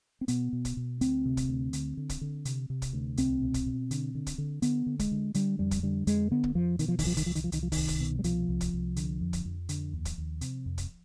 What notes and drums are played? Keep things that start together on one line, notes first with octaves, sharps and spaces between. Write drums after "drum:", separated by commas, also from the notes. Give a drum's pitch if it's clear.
C4
B2 B3, drum: hi-hat
B2
drum: kick, hi-hat
B2
D2 C4, drum: hi-hat
C3
drum: kick, hi-hat
D2
D3, drum: hi-hat
D3
drum: kick, hi-hat
D3
C3, drum: hi-hat
C3
drum: kick, hi-hat
D2
C2 C4, drum: hi-hat
B2
drum: kick, hi-hat
B2
D3, drum: hi-hat
D3
drum: kick, hi-hat
D3
D3 B3, drum: hi-hat
D3
G#3, drum: kick, hi-hat
D3
D3 G3, drum: hi-hat
F2 G3
drum: kick, hi-hat
D3 G3
F2 G#3, drum: hi-hat
D3 B3
drum: kick
F2 F3
B2 D#3, drum: hi-hat
F3
D#3, drum: kick, open hi-hat
C2 F3
D#3, drum: kick, hi-hat
C2 F3
D#3, drum: hi-hat
F3
C2 D#3, drum: hi-hat
F3
C2 D#3, drum: kick, open hi-hat
drum: kick, hi-hat
B2
G3
C2 F3, drum: hi-hat
C2
drum: kick, hi-hat
C2
D3, drum: hi-hat
F2
drum: kick, hi-hat
F2
D3, drum: hi-hat
D#2
drum: kick, hi-hat
D#2
C3, drum: hi-hat
F2
drum: kick, hi-hat